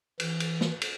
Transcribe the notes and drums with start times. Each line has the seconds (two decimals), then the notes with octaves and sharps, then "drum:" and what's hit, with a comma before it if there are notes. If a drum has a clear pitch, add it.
0.20 E3, drum: cymbal
0.40 drum: cymbal
0.61 drum: snare
0.81 drum: cymbal